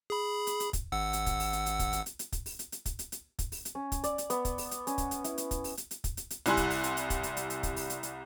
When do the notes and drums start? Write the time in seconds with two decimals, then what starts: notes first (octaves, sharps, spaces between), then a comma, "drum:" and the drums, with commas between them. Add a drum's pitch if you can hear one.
0.10 G#4 B5
0.47 drum: hi-hat
0.60 drum: hi-hat
0.73 drum: kick, hi-hat
0.92 G#1 F#5 E6
1.13 drum: hi-hat
1.26 drum: kick, hi-hat
1.40 drum: open hi-hat
1.53 drum: hi-hat
1.66 drum: hi-hat
1.79 drum: kick, hi-hat
1.93 drum: hi-hat
2.06 drum: hi-hat
2.19 drum: hi-hat
2.32 drum: kick, hi-hat
2.46 drum: open hi-hat
2.59 drum: hi-hat
2.72 drum: hi-hat
2.86 drum: kick, hi-hat
2.99 drum: hi-hat
3.12 drum: hi-hat
3.39 drum: kick, hi-hat
3.52 drum: open hi-hat
3.65 drum: hi-hat
3.75 C#4
3.92 drum: kick, hi-hat
4.04 D5, drum: hi-hat
4.18 drum: hi-hat
4.30 B3, drum: hi-hat
4.45 drum: kick, hi-hat
4.58 drum: open hi-hat
4.71 drum: hi-hat
4.87 C#4, drum: hi-hat
4.98 drum: kick, hi-hat
5.11 drum: hi-hat
5.24 E4, drum: hi-hat
5.38 drum: hi-hat
5.51 drum: kick, hi-hat
5.64 drum: open hi-hat
5.77 drum: hi-hat
5.91 drum: hi-hat
6.04 drum: kick, hi-hat
6.17 drum: hi-hat
6.30 drum: hi-hat
6.46 C2 G3 E4 G#5 C6 F#6, drum: hi-hat
6.57 drum: kick, hi-hat
6.70 drum: open hi-hat
6.84 drum: hi-hat
6.97 drum: hi-hat
7.10 drum: kick, hi-hat
7.23 drum: hi-hat
7.37 drum: hi-hat
7.50 drum: hi-hat
7.63 drum: kick, hi-hat
7.76 drum: open hi-hat
7.90 drum: hi-hat
8.03 drum: hi-hat